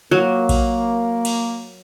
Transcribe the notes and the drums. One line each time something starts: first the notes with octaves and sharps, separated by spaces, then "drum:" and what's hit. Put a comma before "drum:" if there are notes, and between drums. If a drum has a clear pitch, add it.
F#3 A#3
drum: kick A#1, cymbal
drum: cymbal